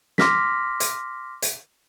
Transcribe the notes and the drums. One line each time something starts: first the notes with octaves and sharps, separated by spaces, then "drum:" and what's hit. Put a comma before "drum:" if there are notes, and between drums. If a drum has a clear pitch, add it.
C6 D6 F6 A#6 B6, drum: snare
drum: hi-hat
drum: hi-hat